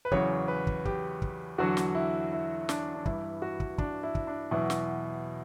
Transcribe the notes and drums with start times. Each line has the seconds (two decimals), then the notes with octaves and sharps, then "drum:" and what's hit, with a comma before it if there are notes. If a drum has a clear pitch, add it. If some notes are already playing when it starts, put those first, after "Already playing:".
0.05 B4
0.11 E2 C#3 F#3 C#5, drum: kick
0.48 B4
0.67 drum: kick
0.85 G4, drum: kick
1.22 drum: kick
1.58 E2 D3 F#3 F#4
1.77 drum: snare
1.95 E4
2.32 E4
2.69 D4, drum: snare
2.95 D4
3.06 G2 E3 E4, drum: kick
3.42 F#4
3.60 drum: kick
3.78 D4, drum: kick
4.03 E4
4.15 drum: kick
4.27 D4
4.51 E2 B2 F#3 E4
4.70 drum: snare